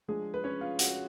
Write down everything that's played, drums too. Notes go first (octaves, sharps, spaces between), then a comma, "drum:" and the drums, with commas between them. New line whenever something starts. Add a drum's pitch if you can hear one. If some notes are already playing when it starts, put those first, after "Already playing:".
F3 G#3 D4 G#4
B4
C#4 C#5
F4
F#4, drum: hi-hat